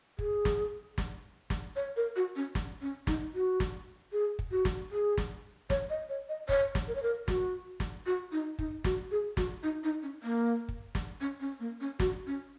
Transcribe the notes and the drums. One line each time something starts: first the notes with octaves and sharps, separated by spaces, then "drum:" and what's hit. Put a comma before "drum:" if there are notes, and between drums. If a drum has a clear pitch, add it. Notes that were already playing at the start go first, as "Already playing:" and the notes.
G#4, drum: kick
drum: snare
drum: snare
drum: snare
C#5
A#4
F#4
C#4
drum: snare
C#4
D#4, drum: snare
F#4
drum: snare
G#4
drum: kick
F#4
drum: snare
G#4
drum: snare
C#5, drum: snare
D#5
C#5
D#5
C#5, drum: kick
drum: snare
A#4
C#5
A#4
F#4, drum: snare
drum: snare
F#4
D#4
D#4, drum: kick
F#4, drum: snare
G#4
F#4, drum: snare
D#4
D#4
C#4
A#3
drum: kick
drum: snare
C#4
C#4
A#3
C#4
F#4, drum: snare
C#4